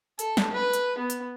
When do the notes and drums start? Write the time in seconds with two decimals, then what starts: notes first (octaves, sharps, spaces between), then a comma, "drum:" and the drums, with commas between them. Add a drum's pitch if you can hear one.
0.19 A4, drum: hi-hat
0.37 drum: snare
0.52 B4
0.73 drum: hi-hat
0.98 B3
1.10 drum: hi-hat